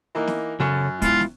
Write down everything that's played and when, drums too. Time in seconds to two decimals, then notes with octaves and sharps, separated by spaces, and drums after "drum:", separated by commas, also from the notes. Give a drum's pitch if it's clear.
0.15 E3 A#3 D#4
0.27 drum: snare
0.60 F#2 C#3 A4 C#5
1.02 G#3 B3 E4 F4, drum: kick, hi-hat
1.20 drum: snare